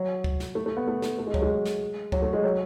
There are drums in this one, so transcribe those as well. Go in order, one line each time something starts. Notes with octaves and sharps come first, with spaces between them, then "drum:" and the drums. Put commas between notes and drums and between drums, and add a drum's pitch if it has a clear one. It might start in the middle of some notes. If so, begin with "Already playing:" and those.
Already playing: F#3
drum: kick C#2
drum: snare
A3
A3
B3
A3
A3, drum: snare
A3
G#3
F#3, drum: kick C#2
G#3
drum: snare
F#3, drum: kick C#2
A3
G#3
F#3